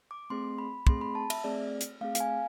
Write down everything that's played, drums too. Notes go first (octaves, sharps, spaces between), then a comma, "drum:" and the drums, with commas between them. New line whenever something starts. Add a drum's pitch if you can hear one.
D6
A3 C4 G#4 C6
B5
A3 C4 G#4 C6, drum: kick
B5
A5
E5, drum: cymbal
A3 C4 G#4 D5
drum: hi-hat
A3 C4 G#4 F5
F5, drum: hi-hat
G#5